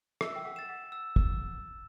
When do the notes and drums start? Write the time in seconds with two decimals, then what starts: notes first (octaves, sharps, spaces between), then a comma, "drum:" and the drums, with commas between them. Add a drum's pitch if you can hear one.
0.21 E5 E6, drum: rim click
0.36 G5
0.44 F#5
0.56 A6 E7
0.69 F#5
0.92 E6
1.16 drum: kick